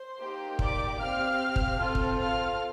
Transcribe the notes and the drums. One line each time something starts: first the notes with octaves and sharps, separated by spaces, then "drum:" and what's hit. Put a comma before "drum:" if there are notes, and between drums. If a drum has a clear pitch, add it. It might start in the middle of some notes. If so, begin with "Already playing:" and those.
Already playing: C5 C6
A#3 D#4 G4
D5 D6, drum: kick
C4 G4 F5 F6
drum: kick
C4 F4 A4
drum: kick
F5 F6